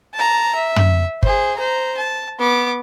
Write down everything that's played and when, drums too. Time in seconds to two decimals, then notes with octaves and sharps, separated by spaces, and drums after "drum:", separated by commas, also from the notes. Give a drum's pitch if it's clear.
0.14 A5 A#5
0.55 E5
0.76 drum: tom
1.23 G#4 C5, drum: kick G1
1.57 C5 A#5
1.97 A5
2.39 B3 D6